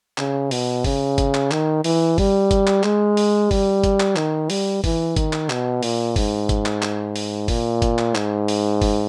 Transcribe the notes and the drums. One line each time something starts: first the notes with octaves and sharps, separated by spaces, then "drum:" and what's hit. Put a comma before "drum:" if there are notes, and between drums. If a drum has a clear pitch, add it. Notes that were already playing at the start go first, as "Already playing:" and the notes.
C#3, drum: clap
B2, drum: open hi-hat
C#3, drum: kick, open hi-hat
drum: kick, hi-hat
drum: clap
D#3, drum: clap
E3, drum: open hi-hat
G3, drum: kick, open hi-hat
drum: kick, hi-hat
drum: clap
G#3, drum: clap
drum: open hi-hat
G3, drum: kick, open hi-hat
drum: kick, hi-hat
drum: clap
D#3, drum: clap
G3, drum: open hi-hat
E3, drum: kick, open hi-hat
D#3, drum: kick, hi-hat
drum: clap
B2, drum: clap
A#2, drum: open hi-hat
G#2, drum: kick, open hi-hat
drum: kick, hi-hat
drum: clap
drum: clap
drum: open hi-hat
A#2, drum: kick, open hi-hat
drum: kick, hi-hat
drum: clap
G#2, drum: clap
drum: open hi-hat
drum: kick, open hi-hat